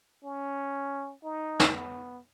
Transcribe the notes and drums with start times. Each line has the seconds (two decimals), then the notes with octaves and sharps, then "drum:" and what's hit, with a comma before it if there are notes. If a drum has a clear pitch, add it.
0.24 C#4
1.24 D#4
1.60 drum: snare
1.74 B3